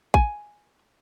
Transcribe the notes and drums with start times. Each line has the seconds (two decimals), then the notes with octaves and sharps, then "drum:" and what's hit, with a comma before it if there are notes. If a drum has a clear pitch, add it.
0.14 G#5, drum: kick A1